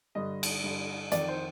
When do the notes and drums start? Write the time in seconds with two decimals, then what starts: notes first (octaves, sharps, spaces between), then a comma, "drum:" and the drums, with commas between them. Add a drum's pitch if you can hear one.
0.15 G2 D3 D#5
0.43 drum: cymbal
0.64 G2 D3
1.12 F2 D#3 D5, drum: hi-hat
1.28 C5